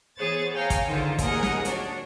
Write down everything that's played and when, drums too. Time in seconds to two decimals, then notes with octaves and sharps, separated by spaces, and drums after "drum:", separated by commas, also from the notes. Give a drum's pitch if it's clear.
0.18 E3 B3 G#4 C5 C#5 A6
0.54 C#5 F5 G5 G#5 A#5
0.70 drum: kick, hi-hat
0.86 D3 D#3 D#4 F4 G#4 C5
1.19 D#2 A#2 G#4 A#4 D#5 F#5, drum: kick, hi-hat
1.43 drum: snare
1.65 D4 F#4 C#5, drum: hi-hat